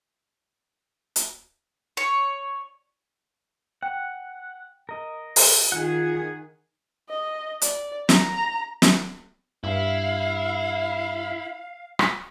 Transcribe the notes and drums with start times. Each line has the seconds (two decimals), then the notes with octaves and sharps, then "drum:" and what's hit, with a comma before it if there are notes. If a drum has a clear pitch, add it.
1.16 drum: hi-hat
1.97 C#5
3.83 F#5 G5
4.89 A#4 D#5
5.36 drum: open hi-hat
5.72 D#3 F4 G#4 F#5 G#5
7.09 D#5
7.62 D5, drum: hi-hat
8.09 A#5, drum: snare
8.82 drum: snare
9.64 G2 E4 F5
11.99 drum: rim click